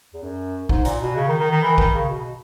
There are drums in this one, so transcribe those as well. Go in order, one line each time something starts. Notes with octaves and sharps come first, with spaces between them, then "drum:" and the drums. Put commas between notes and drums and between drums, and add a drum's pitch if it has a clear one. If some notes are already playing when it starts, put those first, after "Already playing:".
E2
F#2
G#2, drum: kick
A#2, drum: hi-hat
B2
C#3
D#3
D#3
D#3
E3
D#3, drum: kick
C#3
B2